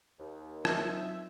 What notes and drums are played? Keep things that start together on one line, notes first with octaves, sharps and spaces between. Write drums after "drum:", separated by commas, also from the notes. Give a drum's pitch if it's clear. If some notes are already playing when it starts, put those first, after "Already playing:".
D#2
F#3 C4 D#4 F4 E5, drum: rim click